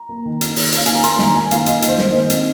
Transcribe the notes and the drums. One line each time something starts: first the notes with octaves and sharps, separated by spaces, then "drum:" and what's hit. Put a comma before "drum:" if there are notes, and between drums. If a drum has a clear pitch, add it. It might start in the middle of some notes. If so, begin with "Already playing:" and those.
Already playing: A#5
A#3
D#3
A#3, drum: hi-hat
D#3, drum: open hi-hat
A#3 F5, drum: hi-hat
D#3 G#5, drum: hi-hat
A#5
A#3 C6, drum: hi-hat
D#3 A#5, drum: snare
A#3 G#5
D#3 F5, drum: hi-hat
A#3 D#5, drum: hi-hat
D#3, drum: hi-hat
C5
A#3, drum: snare
D#3 D#5
C4, drum: hi-hat